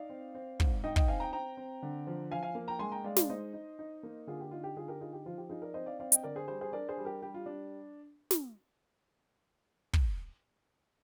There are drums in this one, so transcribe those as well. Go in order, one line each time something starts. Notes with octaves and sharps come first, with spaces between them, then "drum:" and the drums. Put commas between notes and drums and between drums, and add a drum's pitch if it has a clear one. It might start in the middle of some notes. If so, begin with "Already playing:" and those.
Already playing: D#4 D5 F5
C4
C4
G#2, drum: kick
D#4 D#5 G5
D#5 G5, drum: kick
C4 F5 G#5
G5 A#5
C4 G5 A#5
C4
D3
F3
F3 F5 G#5
F5 G#5
A#3
G5 A#5
G#3 G#5 C6
G5 A#5
G#3 D5 F5
D5 F5, drum: snare
D#4 C5 D#5
D#4
D#4
A#3
D3 F4 G#4
G4
D#4 F4
G4
D3 F4 G#4
G4 A#4
D#4 F4 G#4
G4
F3 F4
G4
D#4 F4 G#4
A#4 D5
C4 C5 D#5
D5 F5
C4 D5 F5
D#5 G5, drum: hi-hat
D3 A#4 D5
G#4 C5
G3 G#4 C5
G#4 C5
D4 A#4 D5
G#4 C5
G3
G4 A#4
G3 G4
F4
D4
drum: snare
drum: kick